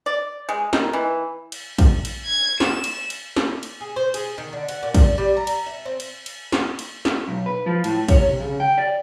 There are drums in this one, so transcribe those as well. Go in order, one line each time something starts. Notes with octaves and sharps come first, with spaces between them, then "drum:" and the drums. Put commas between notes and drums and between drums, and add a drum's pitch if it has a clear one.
D5
G#3
D#3, drum: snare
E3
drum: cymbal
drum: kick, cymbal
drum: cymbal
G#6
E7, drum: snare
drum: cymbal
drum: cymbal
drum: snare
drum: cymbal
G#4
C5
G#4, drum: cymbal
D#3
D3
F#5, drum: cymbal
A#2
drum: kick, cymbal
G3
A#5
drum: cymbal
E5
C4
drum: cymbal
drum: cymbal
drum: snare
drum: cymbal
drum: snare
B1
B4
F3
A2, drum: cymbal
C#5, drum: kick, cymbal
C3
C#3
G5
D5